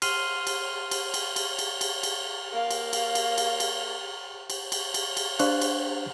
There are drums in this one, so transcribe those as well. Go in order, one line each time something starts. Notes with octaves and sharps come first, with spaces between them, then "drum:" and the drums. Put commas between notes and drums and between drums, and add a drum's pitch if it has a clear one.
C6 F6 C7 D#7 F7 G7, drum: cymbal
drum: cymbal
drum: cymbal
drum: cymbal
drum: cymbal
drum: cymbal
drum: cymbal
drum: cymbal
A#3 F5
drum: cymbal
drum: cymbal
drum: cymbal
drum: cymbal
drum: cymbal
drum: cymbal
drum: cymbal
drum: cymbal
drum: cymbal
D4 C5 F5 C#6 F#6, drum: cymbal
drum: cymbal